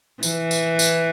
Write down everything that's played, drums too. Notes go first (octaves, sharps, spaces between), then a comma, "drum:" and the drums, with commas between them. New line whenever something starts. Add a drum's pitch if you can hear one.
E3, drum: tambourine
drum: tambourine
drum: tambourine